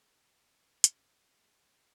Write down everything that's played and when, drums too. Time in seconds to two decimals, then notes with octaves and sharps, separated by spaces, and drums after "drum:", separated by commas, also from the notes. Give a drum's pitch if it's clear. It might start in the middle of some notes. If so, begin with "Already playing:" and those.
Already playing: E2 C3 E3 G#4
0.84 G1 F#2 C#3 G#4, drum: hi-hat